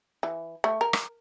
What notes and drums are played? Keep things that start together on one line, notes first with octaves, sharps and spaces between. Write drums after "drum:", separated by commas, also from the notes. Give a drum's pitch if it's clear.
E3
A3
A#4
drum: rim click